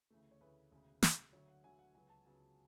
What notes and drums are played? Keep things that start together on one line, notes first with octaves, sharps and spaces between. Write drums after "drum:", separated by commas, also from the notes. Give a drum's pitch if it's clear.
D2 C#3 E3 A3
C#5
D2 C#3 E3 A3 B4
E1 D2 C#3
E1 D2 C#3, drum: snare
D2 D3 F#3 C#5
F#5
D2 D3 F#3 G#5
F#5
C#2 C#3 F#3 B3 G#5
A5
C#2 C#3 F#3 B3